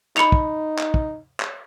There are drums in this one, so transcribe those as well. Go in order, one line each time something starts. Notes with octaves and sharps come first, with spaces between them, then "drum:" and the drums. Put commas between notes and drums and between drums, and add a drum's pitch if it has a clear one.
D#4 B5 C#7 F7, drum: clap
drum: kick
drum: clap
drum: kick
drum: clap